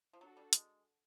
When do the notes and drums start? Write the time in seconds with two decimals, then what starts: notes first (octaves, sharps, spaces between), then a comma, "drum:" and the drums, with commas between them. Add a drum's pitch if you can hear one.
0.13 F3
0.21 F#3 D4 F#4 A4
0.37 G3
0.53 G#3, drum: hi-hat